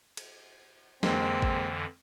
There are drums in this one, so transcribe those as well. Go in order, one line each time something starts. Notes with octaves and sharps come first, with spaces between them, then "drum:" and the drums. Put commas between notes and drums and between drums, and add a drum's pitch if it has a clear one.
drum: cymbal
F2 D3 E3 G#3 A#3 C4, drum: snare
drum: kick G#1